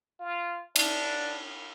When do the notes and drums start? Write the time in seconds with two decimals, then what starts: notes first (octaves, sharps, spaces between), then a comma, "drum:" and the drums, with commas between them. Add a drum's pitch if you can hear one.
0.20 F4
0.76 D4, drum: cymbal